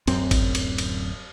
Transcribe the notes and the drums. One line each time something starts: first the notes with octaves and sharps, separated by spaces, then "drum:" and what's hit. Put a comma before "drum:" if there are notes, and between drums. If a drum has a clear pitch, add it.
D1 F#2 C4, drum: cymbal
drum: kick G#1, cymbal
drum: cymbal
drum: cymbal